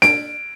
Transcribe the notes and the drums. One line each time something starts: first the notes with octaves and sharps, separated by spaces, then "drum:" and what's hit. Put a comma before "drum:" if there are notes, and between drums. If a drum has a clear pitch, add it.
D7, drum: snare D4